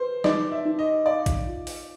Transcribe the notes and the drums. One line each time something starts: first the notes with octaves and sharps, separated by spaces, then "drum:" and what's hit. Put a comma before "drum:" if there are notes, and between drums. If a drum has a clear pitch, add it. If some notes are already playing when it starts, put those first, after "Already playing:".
Already playing: B4 C5
D#4 D5, drum: snare
E5
D#4
D#5
D5 F5
drum: kick, hi-hat
F4
drum: open hi-hat